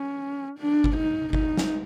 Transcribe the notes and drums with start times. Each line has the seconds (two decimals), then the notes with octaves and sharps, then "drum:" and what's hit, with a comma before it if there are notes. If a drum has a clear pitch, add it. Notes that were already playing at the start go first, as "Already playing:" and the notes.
Already playing: C#4
0.59 D4
0.84 drum: kick G1
0.97 D#4
1.33 D#4, drum: kick G1
1.57 drum: snare